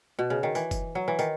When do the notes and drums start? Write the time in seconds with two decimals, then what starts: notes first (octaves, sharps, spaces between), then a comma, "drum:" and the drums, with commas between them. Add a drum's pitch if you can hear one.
0.19 B2
0.30 C#3
0.43 D#3
0.55 E3, drum: tambourine
0.71 drum: kick, tambourine
0.95 F#3
1.08 E3
1.19 D#3, drum: tambourine